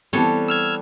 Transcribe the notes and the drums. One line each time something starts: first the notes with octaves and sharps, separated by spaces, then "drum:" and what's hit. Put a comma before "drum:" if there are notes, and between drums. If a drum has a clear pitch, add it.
E3 G3 B3 C4 A4 C#5, drum: open hi-hat
E6 F6 G#6